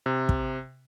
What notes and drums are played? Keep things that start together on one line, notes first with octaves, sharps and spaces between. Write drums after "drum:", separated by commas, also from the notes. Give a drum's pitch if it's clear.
C3
drum: kick